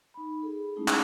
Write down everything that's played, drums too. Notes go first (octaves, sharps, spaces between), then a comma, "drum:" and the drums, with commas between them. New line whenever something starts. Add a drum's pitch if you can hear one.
D#4 B5
G#4 A4
G#3 A3 C#4 D#4 E4 G#4
drum: clap